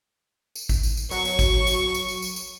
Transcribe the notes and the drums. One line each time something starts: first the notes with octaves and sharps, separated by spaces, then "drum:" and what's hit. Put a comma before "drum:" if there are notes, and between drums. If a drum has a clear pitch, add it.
drum: tambourine
drum: kick G#1, tambourine
drum: tambourine
drum: tambourine
F#3 C#6, drum: tambourine
drum: tambourine
drum: kick G#1, tambourine
drum: tambourine
drum: tambourine
drum: tambourine
drum: tambourine
drum: tambourine